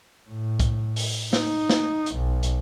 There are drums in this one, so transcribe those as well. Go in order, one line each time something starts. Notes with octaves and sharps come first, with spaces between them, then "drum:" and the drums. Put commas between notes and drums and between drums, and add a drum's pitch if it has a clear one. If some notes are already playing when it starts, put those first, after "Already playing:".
A2
drum: kick C2, hi-hat
drum: open hi-hat
D#4, drum: snare
drum: snare
drum: hi-hat
B1
drum: hi-hat